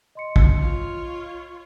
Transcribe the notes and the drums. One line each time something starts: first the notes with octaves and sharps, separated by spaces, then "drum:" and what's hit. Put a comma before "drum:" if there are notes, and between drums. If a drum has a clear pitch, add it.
D#5 C6 C#7
drum: kick
F4 C#5